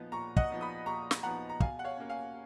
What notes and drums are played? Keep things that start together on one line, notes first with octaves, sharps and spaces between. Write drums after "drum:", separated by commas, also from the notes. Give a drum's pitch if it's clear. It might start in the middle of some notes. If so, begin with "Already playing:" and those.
Already playing: A#2 F3 B3 D#4
A#2 A#5 C#6
D#5 F#5, drum: kick
F3 B3 D#4
B5 D#6
A#2 A#5 C#6
drum: snare
F3 B3 D#4 F#5 A#5
A#5
B2 F5 G#5, drum: kick
F#5
C#5 F5
A#3 C#4
F5 G#5